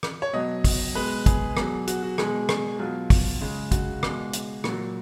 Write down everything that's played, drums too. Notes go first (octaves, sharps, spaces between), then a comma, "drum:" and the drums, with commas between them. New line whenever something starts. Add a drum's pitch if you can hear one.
drum: rim click
C#5
B2 F#3 D#5
drum: kick, open hi-hat
B2 G#3 B4
G#4, drum: kick, hi-hat
B2 F#3, drum: rim click
F#4, drum: hi-hat
F#4
B2 G#3 G#4, drum: rim click
drum: rim click
B2 F#3 F4
drum: kick, open hi-hat
C#3 G#3
F#4, drum: kick, hi-hat
B2 G#3, drum: rim click
drum: hi-hat
A#2 F#3, drum: rim click